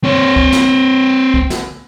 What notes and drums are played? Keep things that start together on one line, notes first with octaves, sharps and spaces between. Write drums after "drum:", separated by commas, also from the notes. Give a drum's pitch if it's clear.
C4 C#5
drum: kick
drum: snare
drum: kick
drum: snare